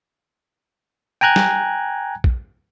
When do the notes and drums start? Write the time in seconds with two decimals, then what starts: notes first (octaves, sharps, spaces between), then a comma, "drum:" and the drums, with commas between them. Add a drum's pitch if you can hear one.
1.21 G5 G#5 A#5 F#6 G#6
1.36 drum: snare
2.24 drum: kick A#1